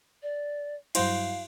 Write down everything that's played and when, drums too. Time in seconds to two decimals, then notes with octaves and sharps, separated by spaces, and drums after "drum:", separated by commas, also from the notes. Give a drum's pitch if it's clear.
0.23 D5
0.95 G2 F#3 E4 F#4 C5 F5 G5, drum: cymbal